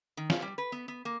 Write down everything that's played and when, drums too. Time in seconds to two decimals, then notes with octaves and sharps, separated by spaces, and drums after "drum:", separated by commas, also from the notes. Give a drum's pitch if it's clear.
0.17 D#3
0.30 F4, drum: snare
0.42 G3
0.58 B4
0.72 B3
0.88 B3
1.05 A#3